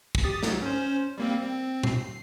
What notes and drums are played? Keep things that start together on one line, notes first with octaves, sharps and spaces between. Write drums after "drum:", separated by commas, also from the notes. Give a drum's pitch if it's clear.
drum: kick
G4 D#6 A6
G#2 F#3, drum: snare
C#4 C5
G3 A#3 C4
C4
C7, drum: tom A#2